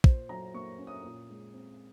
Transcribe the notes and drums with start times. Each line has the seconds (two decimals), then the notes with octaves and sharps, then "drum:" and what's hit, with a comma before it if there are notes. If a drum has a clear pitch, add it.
0.04 A#2 C5, drum: kick
0.29 F#3 A#5
0.54 A#3 C#6
0.78 C#4
0.87 D#6
1.03 A#2
1.29 G#3
1.54 C4